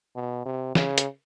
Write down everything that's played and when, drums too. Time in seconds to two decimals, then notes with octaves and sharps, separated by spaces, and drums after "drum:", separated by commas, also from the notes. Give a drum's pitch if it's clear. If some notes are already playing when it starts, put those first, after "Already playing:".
0.15 B2
0.45 C3
0.75 C#3, drum: snare
0.98 drum: hi-hat